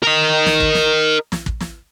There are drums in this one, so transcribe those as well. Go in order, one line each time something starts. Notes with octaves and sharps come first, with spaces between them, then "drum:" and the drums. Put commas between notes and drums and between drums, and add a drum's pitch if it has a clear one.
A#4 D#5
drum: snare
drum: kick
drum: snare
drum: snare
drum: kick
drum: snare